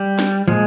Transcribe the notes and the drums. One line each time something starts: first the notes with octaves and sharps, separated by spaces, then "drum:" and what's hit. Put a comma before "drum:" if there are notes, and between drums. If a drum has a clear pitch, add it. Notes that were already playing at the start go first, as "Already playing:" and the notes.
Already playing: G3
drum: snare
A#2 F3 G#3